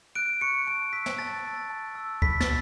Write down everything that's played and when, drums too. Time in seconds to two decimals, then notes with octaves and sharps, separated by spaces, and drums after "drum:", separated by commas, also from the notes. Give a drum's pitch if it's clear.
0.15 F#6 D7
0.41 C#6 C#7
0.67 A5 D7
0.93 E6 B6
1.06 drum: snare
1.19 A5 A6
1.45 E6
1.70 A5
1.95 E6
2.22 B5 B6, drum: kick C#2
2.41 A6, drum: snare